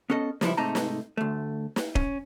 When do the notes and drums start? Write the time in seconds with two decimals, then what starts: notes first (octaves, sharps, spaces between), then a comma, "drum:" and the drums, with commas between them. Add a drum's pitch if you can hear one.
0.10 B3 C#4 A4 D#5
0.41 C#2 F3 G3 E4, drum: snare
0.57 G#2 C3 A3 D#4 A4 A#5
0.75 drum: snare
1.17 D2 A3
1.76 drum: snare
1.95 C#4, drum: kick D#1